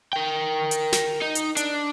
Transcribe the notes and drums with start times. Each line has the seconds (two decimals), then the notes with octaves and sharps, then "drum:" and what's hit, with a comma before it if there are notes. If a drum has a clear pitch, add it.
0.13 A#4 G5
0.71 drum: hi-hat
0.93 drum: snare
1.22 D#4
1.35 drum: hi-hat
1.57 D4, drum: hi-hat